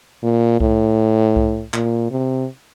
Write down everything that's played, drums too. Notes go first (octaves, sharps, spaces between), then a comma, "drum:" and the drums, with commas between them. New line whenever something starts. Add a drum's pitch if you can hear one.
A#2
A2, drum: kick C2
drum: kick C2
A#2, drum: clap
C3